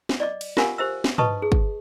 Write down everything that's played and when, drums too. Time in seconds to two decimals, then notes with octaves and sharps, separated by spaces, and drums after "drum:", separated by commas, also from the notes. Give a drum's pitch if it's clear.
0.09 drum: snare
0.20 D5 D#5 D6
0.41 drum: cymbal
0.57 F4 G4 A#4 F5 F#5 G#5, drum: snare
0.78 G4 C5 E5 E6
1.04 drum: snare
1.18 B4 D#5 A5 C#6 D#6, drum: tom
1.42 G#4
1.52 drum: kick